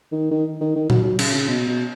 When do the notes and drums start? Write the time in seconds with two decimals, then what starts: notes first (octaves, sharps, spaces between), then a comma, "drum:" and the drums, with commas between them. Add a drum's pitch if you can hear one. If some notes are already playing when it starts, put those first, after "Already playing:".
0.12 D#3
0.31 D#3
0.61 D#3
0.76 D#3
0.90 F#3, drum: tom A#2
1.04 F#3
1.19 C#3, drum: cymbal
1.34 C#3
1.49 B2
1.68 B2